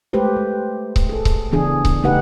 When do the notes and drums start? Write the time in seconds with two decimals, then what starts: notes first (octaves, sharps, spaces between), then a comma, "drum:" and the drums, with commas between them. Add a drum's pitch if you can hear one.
0.13 G#3 A3 G4 B4 C5
0.36 G#3
0.96 drum: kick C#1
1.09 G#4 A4
1.25 drum: kick C#1
1.51 C#3 E3 B3 D4 G#4
1.85 drum: kick C#1
2.03 C#3 A3 D#4 G4 B4 F#5